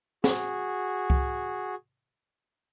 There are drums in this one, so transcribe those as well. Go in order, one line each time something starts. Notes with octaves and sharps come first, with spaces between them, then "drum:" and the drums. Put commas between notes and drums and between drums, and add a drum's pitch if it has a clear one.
F#4 G#4, drum: snare
drum: kick C2